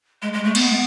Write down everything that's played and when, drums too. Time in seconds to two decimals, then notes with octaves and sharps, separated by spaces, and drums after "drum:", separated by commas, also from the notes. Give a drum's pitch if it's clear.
0.22 G#3
0.33 G#3
0.44 A3
0.55 B3, drum: cymbal